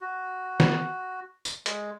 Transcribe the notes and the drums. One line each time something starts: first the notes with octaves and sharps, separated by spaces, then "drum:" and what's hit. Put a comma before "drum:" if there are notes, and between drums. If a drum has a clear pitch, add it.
F#4
drum: snare
drum: tambourine
G#3, drum: hi-hat